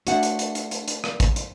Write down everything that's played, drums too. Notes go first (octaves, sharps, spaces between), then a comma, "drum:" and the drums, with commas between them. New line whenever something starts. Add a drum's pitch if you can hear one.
A3 D4 F#4 E5 F#5, drum: hi-hat
drum: hi-hat
drum: hi-hat
drum: hi-hat
drum: hi-hat
drum: hi-hat
drum: rim click
drum: kick A1, hi-hat
drum: hi-hat